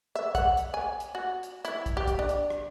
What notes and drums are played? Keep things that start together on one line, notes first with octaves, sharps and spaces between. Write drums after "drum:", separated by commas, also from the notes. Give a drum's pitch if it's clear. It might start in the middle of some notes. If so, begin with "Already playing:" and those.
E5
F#5, drum: kick, hi-hat
drum: hi-hat
G#5
drum: hi-hat
F#4
drum: hi-hat
E4, drum: hi-hat
drum: kick, hi-hat
G4
drum: kick, hi-hat
D4
drum: hi-hat
drum: rim click